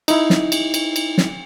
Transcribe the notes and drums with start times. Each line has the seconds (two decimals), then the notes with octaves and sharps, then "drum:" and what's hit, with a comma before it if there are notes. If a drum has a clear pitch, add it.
0.08 D#4 E4, drum: cymbal
0.30 drum: snare
0.52 drum: cymbal
0.74 drum: cymbal
0.96 drum: cymbal
1.18 drum: snare